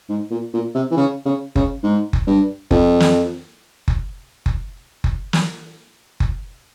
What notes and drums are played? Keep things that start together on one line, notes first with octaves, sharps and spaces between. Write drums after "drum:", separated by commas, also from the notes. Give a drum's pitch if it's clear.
G#2
A#2
A#2
C3
E3
C#3
C#3
C#3, drum: kick F#1
G#2
drum: kick F#1
G2
F2, drum: kick F#1
drum: snare
drum: kick F#1
drum: kick F#1
drum: kick F#1
drum: snare
drum: kick F#1